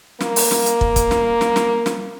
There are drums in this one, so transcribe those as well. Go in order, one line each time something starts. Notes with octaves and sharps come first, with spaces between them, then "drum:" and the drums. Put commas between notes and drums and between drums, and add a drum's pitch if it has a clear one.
A#3, drum: snare
drum: open hi-hat
drum: snare
drum: hi-hat
drum: kick
drum: kick, hi-hat
drum: snare
drum: snare
drum: snare
drum: snare